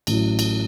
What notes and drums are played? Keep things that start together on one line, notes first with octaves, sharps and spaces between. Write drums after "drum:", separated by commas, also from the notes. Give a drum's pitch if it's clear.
A1 A2 F#3, drum: cymbal
drum: cymbal